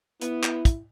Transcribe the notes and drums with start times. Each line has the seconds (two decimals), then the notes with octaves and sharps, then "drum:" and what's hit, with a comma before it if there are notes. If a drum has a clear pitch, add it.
0.22 B3 E4, drum: hi-hat
0.43 drum: clap
0.65 drum: kick, hi-hat